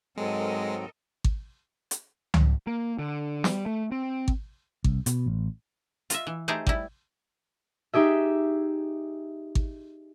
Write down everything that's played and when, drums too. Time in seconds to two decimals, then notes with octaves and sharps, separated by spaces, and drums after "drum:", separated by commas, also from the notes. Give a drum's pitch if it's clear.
0.17 G#2 F#3 G#3 C4 A4 A#4 D#5
1.24 drum: kick G#1
1.91 drum: hi-hat
2.34 drum: tom C#2
2.67 A#3
2.99 D3
3.44 G3, drum: snare
3.66 A3
3.92 C4
4.28 drum: kick G#1
4.84 C2, drum: kick G#1
5.06 B2, drum: hi-hat
5.26 A1
6.10 F4 D#5 E5, drum: hi-hat
6.27 E3
6.48 A3 D#4 G4 G#4 C5
6.67 G3 E4, drum: kick G#1
7.94 D#4 G4 G#4 E5
9.55 drum: kick G#1